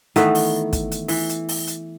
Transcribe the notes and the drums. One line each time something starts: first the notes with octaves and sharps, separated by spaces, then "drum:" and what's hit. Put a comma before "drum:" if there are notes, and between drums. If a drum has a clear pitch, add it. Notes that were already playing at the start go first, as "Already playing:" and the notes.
D#3 E3 A3 B3, drum: hi-hat
drum: open hi-hat
drum: kick, hi-hat
drum: hi-hat
E3, drum: open hi-hat
drum: hi-hat
drum: open hi-hat
drum: hi-hat